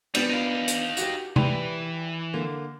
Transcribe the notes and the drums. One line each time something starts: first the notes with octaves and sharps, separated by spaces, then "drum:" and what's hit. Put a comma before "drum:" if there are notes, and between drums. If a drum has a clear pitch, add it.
G3 B3 D4, drum: cymbal
D#4 F5
drum: hi-hat
F#4 G4, drum: hi-hat
E3 G4 B4 D5, drum: tom C3
D3 A#3